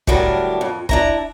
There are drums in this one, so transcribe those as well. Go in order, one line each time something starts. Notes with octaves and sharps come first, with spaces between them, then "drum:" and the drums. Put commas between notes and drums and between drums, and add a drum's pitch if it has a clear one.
A2 D3 F#3 G3 D4 A#4, drum: kick
F2
D4 E4 A#5, drum: kick